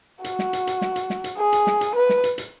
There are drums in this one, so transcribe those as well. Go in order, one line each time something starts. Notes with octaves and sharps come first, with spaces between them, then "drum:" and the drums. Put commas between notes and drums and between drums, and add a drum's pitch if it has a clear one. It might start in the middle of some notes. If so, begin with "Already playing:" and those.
F#4, drum: hi-hat
drum: snare
drum: hi-hat
drum: hi-hat
drum: snare
drum: hi-hat
drum: snare
drum: hi-hat
G#4
drum: hi-hat
drum: snare
drum: hi-hat
B4
drum: snare
drum: hi-hat
drum: hi-hat